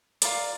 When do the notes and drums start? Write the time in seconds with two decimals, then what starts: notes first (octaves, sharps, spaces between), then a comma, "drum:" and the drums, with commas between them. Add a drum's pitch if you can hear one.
0.22 F4 A#4 D5, drum: hi-hat